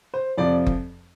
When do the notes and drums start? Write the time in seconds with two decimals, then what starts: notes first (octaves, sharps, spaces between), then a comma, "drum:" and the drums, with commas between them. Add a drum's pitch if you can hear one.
0.14 C5
0.38 F2 C3 F3 D5
0.66 drum: kick F#1